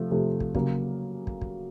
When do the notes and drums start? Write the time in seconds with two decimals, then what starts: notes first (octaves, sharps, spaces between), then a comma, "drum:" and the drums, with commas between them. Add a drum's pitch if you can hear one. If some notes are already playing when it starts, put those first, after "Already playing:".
Already playing: C3 F3 A3
0.11 C3 F3 A3
0.40 drum: kick
0.55 C#3 F#3 A#3, drum: kick
1.27 drum: kick
1.41 drum: kick